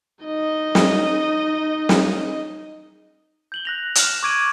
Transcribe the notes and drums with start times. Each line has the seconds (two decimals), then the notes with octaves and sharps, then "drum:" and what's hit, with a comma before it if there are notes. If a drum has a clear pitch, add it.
0.24 D#4 D#5
0.75 drum: snare
1.89 drum: snare
3.52 G6 F#7 G7
3.65 F#6 A#6 F7
3.95 F6 E7, drum: hi-hat
4.23 C#6 D6 G#6 D7 D#7 F#7